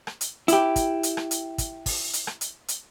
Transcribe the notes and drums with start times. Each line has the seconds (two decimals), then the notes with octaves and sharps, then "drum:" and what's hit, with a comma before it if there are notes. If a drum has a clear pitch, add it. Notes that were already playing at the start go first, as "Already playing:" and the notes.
0.07 drum: rim click
0.21 drum: hi-hat
0.48 E4 G4, drum: hi-hat
0.76 drum: kick, hi-hat
1.03 drum: hi-hat
1.17 drum: rim click
1.31 drum: hi-hat
1.58 drum: kick, hi-hat
1.86 drum: kick, open hi-hat
2.13 drum: hi-hat
2.27 drum: rim click
2.41 drum: hi-hat
2.68 drum: hi-hat